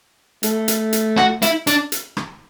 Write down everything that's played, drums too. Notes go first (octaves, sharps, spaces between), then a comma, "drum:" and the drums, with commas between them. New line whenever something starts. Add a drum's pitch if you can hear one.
A3, drum: hi-hat
drum: hi-hat
drum: hi-hat
F#4, drum: rim click
E4, drum: hi-hat
D4, drum: hi-hat
drum: hi-hat
drum: rim click